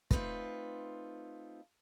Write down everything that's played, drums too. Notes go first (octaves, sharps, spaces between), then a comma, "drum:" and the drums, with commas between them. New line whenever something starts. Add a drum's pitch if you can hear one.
A3 C4 D#4 F4 B4, drum: kick